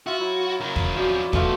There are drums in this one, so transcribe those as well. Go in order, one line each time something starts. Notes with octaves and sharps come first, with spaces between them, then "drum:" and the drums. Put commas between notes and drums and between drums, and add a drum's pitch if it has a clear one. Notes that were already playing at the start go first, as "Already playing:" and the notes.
F4 F#4 E5
F#3 E4 F4
C#3 A#4
drum: kick
F#2 F3 F#4 D5
A3 B3 F4 A4, drum: kick